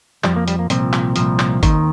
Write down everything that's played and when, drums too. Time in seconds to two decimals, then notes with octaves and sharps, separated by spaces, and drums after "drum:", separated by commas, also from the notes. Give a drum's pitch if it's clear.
0.24 F2 F3 G3, drum: clap
0.36 A#3
0.48 G3, drum: hi-hat
0.59 A#3
0.70 C2 A#2 F3 C4, drum: hi-hat
0.93 drum: clap
1.16 C2 A#2 F3, drum: hi-hat
1.39 drum: clap
1.63 D#2 D#3, drum: kick G1, hi-hat